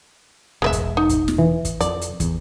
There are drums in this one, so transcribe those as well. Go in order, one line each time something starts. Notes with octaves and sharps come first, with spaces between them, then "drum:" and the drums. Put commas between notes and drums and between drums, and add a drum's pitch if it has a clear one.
E1 G#3 B4 E5
drum: kick, hi-hat
D#4
drum: kick, hi-hat
drum: snare
E3
drum: kick, hi-hat
F2 D5, drum: hi-hat
drum: hi-hat
E2, drum: kick, hi-hat